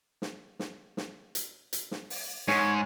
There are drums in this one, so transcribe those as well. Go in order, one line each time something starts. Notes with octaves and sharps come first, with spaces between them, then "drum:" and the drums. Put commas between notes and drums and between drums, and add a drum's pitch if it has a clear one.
drum: snare
drum: snare
drum: snare
drum: hi-hat
drum: hi-hat
drum: snare
drum: open hi-hat
G#2 C#5, drum: snare